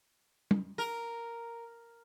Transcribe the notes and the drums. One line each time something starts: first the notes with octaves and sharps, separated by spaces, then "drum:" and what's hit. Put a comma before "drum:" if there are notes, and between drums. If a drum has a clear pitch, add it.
drum: tom
A#4